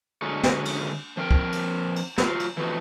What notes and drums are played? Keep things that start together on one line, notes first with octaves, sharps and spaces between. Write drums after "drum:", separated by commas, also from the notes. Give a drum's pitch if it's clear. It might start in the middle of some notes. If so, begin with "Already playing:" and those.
D3 G#3 C#4 D#4 F#4
drum: snare
drum: cymbal
F3 C4 A#4 G5
drum: kick
drum: cymbal
drum: cymbal
F#3 F4, drum: snare
drum: cymbal
E3 F3 A3 C4 D#4 F#4